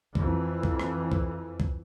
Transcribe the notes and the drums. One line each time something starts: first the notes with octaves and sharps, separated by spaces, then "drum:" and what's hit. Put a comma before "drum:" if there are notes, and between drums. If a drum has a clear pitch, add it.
F2 E3, drum: kick C2
drum: kick C2
drum: rim click
drum: kick C2
drum: kick C2